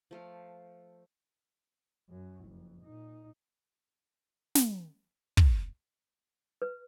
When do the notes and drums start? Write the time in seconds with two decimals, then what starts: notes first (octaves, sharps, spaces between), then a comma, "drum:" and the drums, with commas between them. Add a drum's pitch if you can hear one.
0.11 F3 A3 F5
2.09 F#2 F#3
2.45 F#1 F2
2.82 A#2 D#4
4.55 drum: snare
5.37 drum: kick
6.62 B4